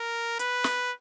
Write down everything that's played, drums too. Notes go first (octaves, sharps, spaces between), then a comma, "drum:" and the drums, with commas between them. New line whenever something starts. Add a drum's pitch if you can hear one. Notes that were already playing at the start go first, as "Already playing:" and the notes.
Already playing: A#4
B4, drum: hi-hat
drum: snare